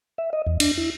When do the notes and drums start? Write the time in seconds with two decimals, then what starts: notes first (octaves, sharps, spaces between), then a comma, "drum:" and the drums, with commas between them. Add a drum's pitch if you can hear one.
0.18 E5
0.33 D#5
0.47 E2
0.60 D4, drum: cymbal
0.78 E4